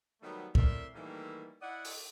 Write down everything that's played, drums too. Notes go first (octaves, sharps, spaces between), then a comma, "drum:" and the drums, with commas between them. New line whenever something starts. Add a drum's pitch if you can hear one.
D#3 F#3 G3 A3 B3
A2 C4 A#4 D5 E5 C6, drum: kick
D#3 E3 G3 A3 A#3 E4
E4 D5 D#5 F#5
drum: open hi-hat